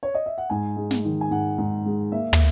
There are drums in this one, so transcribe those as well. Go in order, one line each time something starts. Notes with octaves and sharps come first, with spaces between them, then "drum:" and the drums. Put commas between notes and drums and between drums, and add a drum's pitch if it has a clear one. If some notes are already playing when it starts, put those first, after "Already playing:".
C#5
D#5
E5
F#5
G#2 G#5
G#3
drum: snare
D#3
G#5
G#2 F#5
G#2
G#3
A#3 E5
drum: tom